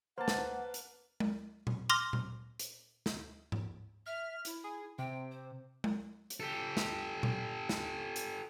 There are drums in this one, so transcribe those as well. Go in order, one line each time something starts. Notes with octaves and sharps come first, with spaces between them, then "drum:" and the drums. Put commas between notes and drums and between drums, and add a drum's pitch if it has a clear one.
A#3 B4 C5 F#5 A5
drum: snare
drum: hi-hat
drum: tom G#3
drum: tom A#2
C6 D6 F6 A#6
drum: tom A#2
drum: hi-hat
drum: snare
drum: tom G#2
E5 F6
E4, drum: hi-hat
G#4
C3 G5
C5
drum: tom G#3
drum: hi-hat
G4 A4
drum: snare
drum: tom A#2
drum: snare
drum: hi-hat